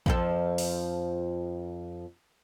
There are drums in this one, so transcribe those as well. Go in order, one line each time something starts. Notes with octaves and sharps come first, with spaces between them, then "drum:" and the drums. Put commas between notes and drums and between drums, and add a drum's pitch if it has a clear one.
F2 F3 A4, drum: kick
drum: open hi-hat